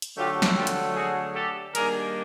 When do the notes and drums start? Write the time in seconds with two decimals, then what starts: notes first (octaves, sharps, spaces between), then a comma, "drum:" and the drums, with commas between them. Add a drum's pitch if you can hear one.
0.02 drum: hi-hat
0.17 D3 F#3 A3 F4 G4
0.42 drum: snare
0.56 F4 G4
0.67 drum: hi-hat
0.96 F#4 G#4
1.35 G4 A4
1.75 D#3 G3 A#3 D4 G#4 A#4, drum: hi-hat